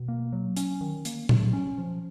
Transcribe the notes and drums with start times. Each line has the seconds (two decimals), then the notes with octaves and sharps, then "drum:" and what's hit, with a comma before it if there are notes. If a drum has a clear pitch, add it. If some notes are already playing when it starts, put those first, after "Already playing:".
Already playing: B2
0.08 A#3
0.33 F#3
0.57 C#4, drum: hi-hat
0.81 D#3
1.05 A#3, drum: hi-hat
1.29 F#3, drum: tom A#2
1.53 C#4
1.78 F3